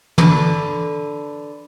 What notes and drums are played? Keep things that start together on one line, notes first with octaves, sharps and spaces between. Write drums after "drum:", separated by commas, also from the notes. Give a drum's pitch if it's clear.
D3 B4, drum: tom